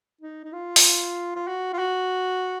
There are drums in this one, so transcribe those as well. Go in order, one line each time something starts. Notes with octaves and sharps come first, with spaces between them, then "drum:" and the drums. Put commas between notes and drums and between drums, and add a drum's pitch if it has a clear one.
D#4
D#4
F4
drum: open hi-hat
F4
F#4
F4
F#4